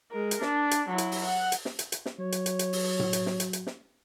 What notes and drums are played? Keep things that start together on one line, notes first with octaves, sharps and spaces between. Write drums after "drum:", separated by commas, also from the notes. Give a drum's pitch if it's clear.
G#3 A#4
drum: hi-hat
D4, drum: snare
drum: hi-hat
F#3 E4
drum: hi-hat
drum: open hi-hat
F#5
drum: hi-hat
drum: snare
drum: hi-hat
drum: hi-hat
drum: snare
F#3 C#5
drum: hi-hat
drum: hi-hat
drum: hi-hat
drum: open hi-hat
drum: tom A2
drum: hi-hat
drum: snare
drum: hi-hat
drum: hi-hat
drum: snare